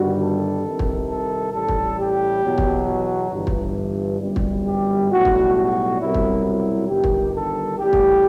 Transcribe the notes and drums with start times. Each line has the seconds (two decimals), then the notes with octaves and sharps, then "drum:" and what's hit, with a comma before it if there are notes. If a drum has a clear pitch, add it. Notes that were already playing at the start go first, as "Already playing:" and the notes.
Already playing: G1 G2 D#3 G3 F#4
0.20 A4
0.65 C2 C3 D#3
0.79 drum: kick
1.09 A4
1.53 A1 A2 G3 A4
1.68 drum: kick
1.99 G4
2.43 E2 B2 F#3
2.58 drum: kick
2.87 F#4
3.31 G1 G2 E3
3.47 drum: kick
4.21 G1 F#2 E3 G3
4.36 drum: kick
4.66 G4
5.10 B1 A2 G3 F#4
5.25 drum: kick
5.55 F#4
5.99 C2 B2 F#3 E4
6.14 drum: kick
6.44 E4
6.88 G1 G2 D#3 G4
7.04 drum: kick
7.34 A4
7.78 A1 A2 G3 G4
7.93 drum: kick